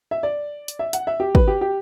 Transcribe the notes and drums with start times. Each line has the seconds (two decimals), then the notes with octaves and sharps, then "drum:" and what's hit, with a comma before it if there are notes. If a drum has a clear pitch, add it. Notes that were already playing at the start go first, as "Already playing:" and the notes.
0.11 E5
0.23 D5
0.68 drum: hi-hat
0.79 E5
0.93 F#5, drum: hi-hat
1.07 E5
1.20 G4
1.35 B4, drum: kick
1.48 G4
1.61 G4